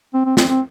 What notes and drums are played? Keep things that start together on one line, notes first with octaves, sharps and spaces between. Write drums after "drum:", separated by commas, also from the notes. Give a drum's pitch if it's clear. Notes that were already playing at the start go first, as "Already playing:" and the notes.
C4
C4
C4, drum: snare
C4